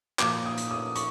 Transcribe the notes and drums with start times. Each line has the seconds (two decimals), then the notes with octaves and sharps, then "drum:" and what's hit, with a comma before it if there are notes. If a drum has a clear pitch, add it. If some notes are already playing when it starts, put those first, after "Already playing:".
0.19 A#2 F3 A#3 D6, drum: clap
0.45 D#6
0.58 drum: hi-hat
0.71 D#6
0.96 C#6, drum: hi-hat